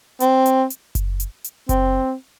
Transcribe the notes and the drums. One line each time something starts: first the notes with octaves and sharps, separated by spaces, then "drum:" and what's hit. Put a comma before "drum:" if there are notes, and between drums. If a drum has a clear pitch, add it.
C4, drum: hi-hat
drum: hi-hat
drum: hi-hat
drum: kick F#1, hi-hat
drum: hi-hat
drum: hi-hat
C4, drum: kick F#1, hi-hat